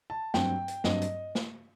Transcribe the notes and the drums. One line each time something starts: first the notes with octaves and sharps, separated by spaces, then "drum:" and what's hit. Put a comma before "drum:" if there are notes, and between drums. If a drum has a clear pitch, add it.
A5
G2 F#3 C4 G5, drum: snare
drum: hi-hat
G2 F#3 C4 D#5, drum: snare
drum: hi-hat
drum: snare